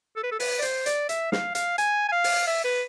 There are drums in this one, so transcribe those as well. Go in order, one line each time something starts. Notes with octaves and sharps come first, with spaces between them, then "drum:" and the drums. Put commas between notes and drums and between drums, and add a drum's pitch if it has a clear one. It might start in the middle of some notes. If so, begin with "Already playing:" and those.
A4
B4
A4
B4, drum: open hi-hat
D5
C5, drum: hi-hat
D5, drum: hi-hat
E5, drum: hi-hat
F5, drum: snare
F5, drum: hi-hat
G#5, drum: hi-hat
G#5
F5
drum: open hi-hat
E5
B4